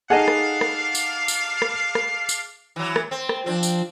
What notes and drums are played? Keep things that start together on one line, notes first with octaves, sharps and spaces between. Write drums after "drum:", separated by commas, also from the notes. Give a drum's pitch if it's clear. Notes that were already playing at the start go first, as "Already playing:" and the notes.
D4 D#4 G#4 A4 D#5 F5 F#5
drum: rim click
drum: rim click
drum: tambourine
drum: tambourine
drum: rim click
drum: rim click
drum: tambourine
E3 F#3
drum: rim click
C4
drum: rim click
F3 C4 D4
drum: tambourine